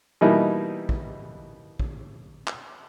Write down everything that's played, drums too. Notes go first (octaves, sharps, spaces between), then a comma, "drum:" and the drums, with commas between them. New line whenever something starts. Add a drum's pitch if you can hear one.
B2 E3 G3 A#3 D#4 E4
drum: kick
drum: kick
drum: clap